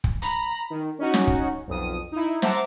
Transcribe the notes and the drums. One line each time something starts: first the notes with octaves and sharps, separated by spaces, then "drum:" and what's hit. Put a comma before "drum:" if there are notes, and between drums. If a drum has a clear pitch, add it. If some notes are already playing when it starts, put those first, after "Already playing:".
drum: kick
A#5 B5, drum: hi-hat
D#3
C#4 D#4 F#4
drum: snare
drum: kick
B1 F2 D#6
D#4 E4
C5 E5 F#5 A5 A#5 D6, drum: snare